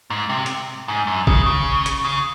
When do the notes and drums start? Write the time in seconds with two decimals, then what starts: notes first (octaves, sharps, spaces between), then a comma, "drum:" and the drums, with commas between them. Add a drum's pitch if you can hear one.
0.10 G#2
0.29 C3
0.46 drum: hi-hat
0.88 G#2
1.07 F#2
1.27 C#3, drum: kick
1.46 C#3
1.86 drum: hi-hat
2.05 C#3